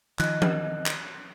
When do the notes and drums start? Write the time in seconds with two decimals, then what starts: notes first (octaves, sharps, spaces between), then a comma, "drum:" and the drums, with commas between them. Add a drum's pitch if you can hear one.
0.19 D#3 F3 D#5 F#6, drum: clap
0.42 drum: tom E3
0.86 drum: clap